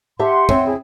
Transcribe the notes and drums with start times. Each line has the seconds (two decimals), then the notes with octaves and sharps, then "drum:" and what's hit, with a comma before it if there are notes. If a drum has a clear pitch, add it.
0.19 G4 E5 F#5 A5 C6
0.49 C4 C#5 E5, drum: kick
0.65 E4 G#4